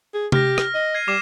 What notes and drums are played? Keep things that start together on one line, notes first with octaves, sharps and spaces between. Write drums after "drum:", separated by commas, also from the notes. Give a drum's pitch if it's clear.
G#4
G4 F6 A#6, drum: tom C3
drum: rim click
D#5
G#6 C7 D#7
G3 D6 C7 E7